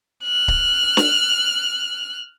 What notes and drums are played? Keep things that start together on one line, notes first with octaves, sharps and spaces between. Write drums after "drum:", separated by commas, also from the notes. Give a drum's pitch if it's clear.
F6 F#6
drum: kick C#1
drum: snare